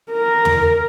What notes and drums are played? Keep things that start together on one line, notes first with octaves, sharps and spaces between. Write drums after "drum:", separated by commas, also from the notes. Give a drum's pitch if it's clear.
A#4
drum: tom